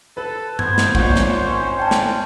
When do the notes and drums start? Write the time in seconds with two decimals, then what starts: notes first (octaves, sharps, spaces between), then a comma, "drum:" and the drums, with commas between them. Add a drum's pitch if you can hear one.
0.17 A4 B4
0.59 B3 C5 G#6, drum: tom G2
0.78 drum: snare
0.95 G#1 A#2 C#5 F#5, drum: kick
1.16 drum: snare
1.47 C#4
1.80 G5 A5
1.91 drum: snare